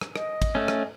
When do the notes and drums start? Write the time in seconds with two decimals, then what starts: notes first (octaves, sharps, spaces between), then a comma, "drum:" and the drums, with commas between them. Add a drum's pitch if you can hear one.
0.01 drum: rim click
0.16 D#5, drum: rim click
0.42 drum: kick, cymbal
0.55 A3 C#4
0.68 drum: rim click